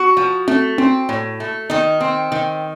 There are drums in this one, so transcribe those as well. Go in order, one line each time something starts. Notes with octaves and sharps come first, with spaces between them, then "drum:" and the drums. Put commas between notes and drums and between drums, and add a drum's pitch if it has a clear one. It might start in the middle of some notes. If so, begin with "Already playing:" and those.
Already playing: F#4
F3
A3, drum: tom C4
C4, drum: tom C4
A2
A3
D#3 D#4
C4
D#3